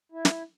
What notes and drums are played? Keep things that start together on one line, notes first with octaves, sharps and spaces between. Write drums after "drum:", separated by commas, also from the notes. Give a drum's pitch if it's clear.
E4
drum: snare